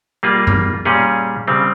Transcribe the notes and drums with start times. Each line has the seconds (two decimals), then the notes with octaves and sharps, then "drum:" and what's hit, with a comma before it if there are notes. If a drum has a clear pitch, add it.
0.23 G3 A#3 F4 G#4
0.47 drum: tom F#2
0.85 A#2 G3 C#4 G#4
1.48 C#3 G3 C4